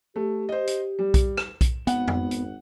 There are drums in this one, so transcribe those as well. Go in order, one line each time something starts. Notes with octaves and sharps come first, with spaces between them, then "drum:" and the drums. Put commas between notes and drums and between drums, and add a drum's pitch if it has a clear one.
A3 G4
C5 D#5
drum: hi-hat
G3
drum: kick B1, hi-hat
E7, drum: rim click
drum: kick B1, hi-hat
G#1 B3 F#5, drum: hi-hat
drum: tom F2
drum: hi-hat